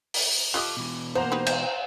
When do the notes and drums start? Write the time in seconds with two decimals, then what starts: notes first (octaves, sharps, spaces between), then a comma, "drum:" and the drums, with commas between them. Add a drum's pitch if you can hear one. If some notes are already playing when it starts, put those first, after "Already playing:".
0.14 drum: open hi-hat
0.54 F4 G4 A4 D#5 F5 D6 F#6
0.77 B2 E3
1.15 F3 A#3 C5 F#5 A#5
1.32 D#4 G4 B4
1.46 G6, drum: cymbal